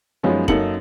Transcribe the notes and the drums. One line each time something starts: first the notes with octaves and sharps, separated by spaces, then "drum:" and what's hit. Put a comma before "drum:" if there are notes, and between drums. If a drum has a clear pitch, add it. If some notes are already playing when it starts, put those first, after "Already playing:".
F#2 F3 G#3 B3 C#4 D#4
F#2 A#3 D#4 A4 C#7 F#7, drum: kick